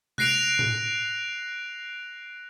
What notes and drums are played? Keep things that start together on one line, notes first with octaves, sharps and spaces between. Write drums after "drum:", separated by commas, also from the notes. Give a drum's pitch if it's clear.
F#6 A#6 C7 D7 F7, drum: tom C3
drum: tom A2